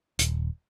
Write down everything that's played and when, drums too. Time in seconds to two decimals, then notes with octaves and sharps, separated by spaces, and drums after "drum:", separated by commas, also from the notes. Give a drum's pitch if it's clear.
0.19 D#1, drum: hi-hat